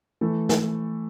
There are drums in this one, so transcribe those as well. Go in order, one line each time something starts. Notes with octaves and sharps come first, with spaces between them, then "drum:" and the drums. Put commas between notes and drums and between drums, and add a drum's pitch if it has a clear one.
E3 A3 A4
drum: snare